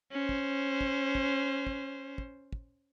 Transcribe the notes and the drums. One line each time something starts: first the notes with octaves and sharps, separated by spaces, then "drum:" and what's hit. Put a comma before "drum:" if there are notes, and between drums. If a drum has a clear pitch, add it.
C#4 C5
drum: kick
drum: kick
drum: kick
drum: kick
drum: kick
drum: kick